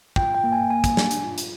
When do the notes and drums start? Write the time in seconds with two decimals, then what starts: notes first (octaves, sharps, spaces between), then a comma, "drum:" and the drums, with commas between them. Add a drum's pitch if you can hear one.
0.16 F4 G5, drum: kick
0.35 G5
0.44 A#3
0.52 G#5
0.71 A#3 G#5
0.84 drum: kick, hi-hat
0.97 D4, drum: snare
1.11 drum: hi-hat
1.25 F4
1.38 drum: hi-hat